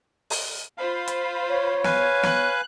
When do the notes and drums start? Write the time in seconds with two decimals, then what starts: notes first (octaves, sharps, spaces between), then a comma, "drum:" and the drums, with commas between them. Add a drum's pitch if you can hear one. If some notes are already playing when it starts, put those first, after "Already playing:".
0.30 drum: open hi-hat
0.78 F4 C5 F5 B5
1.08 drum: hi-hat
1.49 C#5
1.84 B4 F5 G#5, drum: snare
2.23 F#6, drum: snare